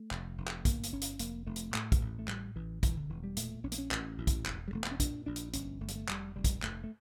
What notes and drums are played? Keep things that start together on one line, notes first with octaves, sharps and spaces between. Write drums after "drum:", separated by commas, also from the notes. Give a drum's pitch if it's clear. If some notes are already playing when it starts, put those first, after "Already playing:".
Already playing: A3
F1, drum: clap
F1
drum: clap
G1 A#3, drum: kick, hi-hat
drum: hi-hat
G1 C#4
drum: hi-hat
F1 A#3, drum: hi-hat
F1 A3
drum: hi-hat
A2 A3, drum: clap
drum: kick, hi-hat
A1
A3
A2 G3, drum: clap
A1 E3
E1 E3, drum: kick, hi-hat
D3
E1 E3
G3
A#2 A3, drum: hi-hat
A#1 C#4
A#3, drum: hi-hat
C#4
A1, drum: clap
A1
drum: kick, hi-hat
E1, drum: clap
G3
E1 A3
A#3, drum: clap
C#4
A#2 D4, drum: kick, hi-hat
A#1 D4
drum: hi-hat
G1 C#4, drum: hi-hat
G1 A3
G3, drum: hi-hat
A3
F1 G3, drum: clap
F1 G3
drum: kick, hi-hat
F1 A3, drum: clap
A3